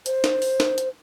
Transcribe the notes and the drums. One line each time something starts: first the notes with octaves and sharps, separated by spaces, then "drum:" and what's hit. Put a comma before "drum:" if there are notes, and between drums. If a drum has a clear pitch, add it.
C5, drum: hi-hat
drum: snare
drum: open hi-hat
drum: snare
drum: hi-hat